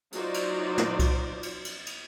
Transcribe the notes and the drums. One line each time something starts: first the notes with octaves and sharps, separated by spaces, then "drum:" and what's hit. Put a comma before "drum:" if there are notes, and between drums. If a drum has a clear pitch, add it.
F#3 D#4 F4 F#4 C5 D5, drum: cymbal
drum: cymbal
drum: snare
drum: kick C2, cymbal
drum: cymbal
drum: cymbal
drum: cymbal